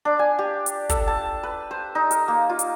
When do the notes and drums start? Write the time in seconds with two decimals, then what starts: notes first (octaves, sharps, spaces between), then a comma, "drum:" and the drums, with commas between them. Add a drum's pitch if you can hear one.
0.05 D4
0.19 G#5
0.39 G4
0.66 drum: hi-hat
0.89 A4, drum: kick, hi-hat
1.07 A5
1.43 B4
1.71 C5
1.95 D#4
2.11 A#4, drum: hi-hat
2.28 A#3
2.49 F4
2.59 drum: hi-hat